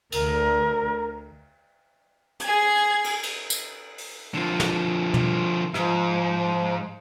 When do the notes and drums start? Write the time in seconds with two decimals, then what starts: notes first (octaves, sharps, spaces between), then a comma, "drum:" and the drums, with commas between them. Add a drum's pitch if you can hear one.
0.12 D2 A#4, drum: cymbal
2.40 G#4 G#6, drum: hi-hat
3.04 drum: cymbal
3.23 drum: cymbal
3.50 drum: tambourine
3.98 drum: open hi-hat
4.35 D3 F3
4.60 drum: snare
5.14 drum: tom
5.74 G#2 F3, drum: rim click